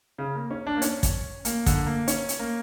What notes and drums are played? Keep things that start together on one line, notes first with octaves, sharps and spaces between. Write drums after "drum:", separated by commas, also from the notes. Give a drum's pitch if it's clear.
C#3
A#3
C#4
D4
A#3
C#4, drum: hi-hat
drum: kick, hi-hat
A#3, drum: hi-hat
D3, drum: kick, hi-hat
A#3
C#4, drum: hi-hat
drum: hi-hat
A#3